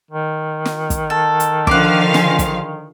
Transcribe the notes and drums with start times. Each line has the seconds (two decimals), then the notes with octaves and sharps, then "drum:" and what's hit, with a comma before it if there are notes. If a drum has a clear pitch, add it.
0.11 D#3
0.65 drum: snare
0.90 drum: kick, hi-hat
1.10 A4
1.40 drum: hi-hat
1.67 D3 F3 F5 F#5 D6, drum: kick
2.14 G#4 C6, drum: snare
2.39 drum: kick, hi-hat